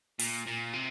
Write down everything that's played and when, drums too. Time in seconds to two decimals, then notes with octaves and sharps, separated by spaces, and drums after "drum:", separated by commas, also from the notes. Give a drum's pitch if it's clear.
0.19 A#2, drum: open hi-hat
0.47 A#2
0.73 C3